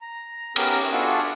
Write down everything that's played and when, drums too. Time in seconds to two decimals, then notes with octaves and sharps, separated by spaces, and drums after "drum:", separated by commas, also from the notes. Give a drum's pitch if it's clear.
0.01 A#5
0.56 B3 C#4 G4 G#4 A#4, drum: cymbal
0.92 B3 D4 F4 F#4 G#4 A4